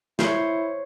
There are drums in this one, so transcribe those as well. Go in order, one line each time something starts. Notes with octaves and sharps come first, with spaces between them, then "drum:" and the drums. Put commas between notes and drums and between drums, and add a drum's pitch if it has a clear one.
E4 C5 C#5, drum: snare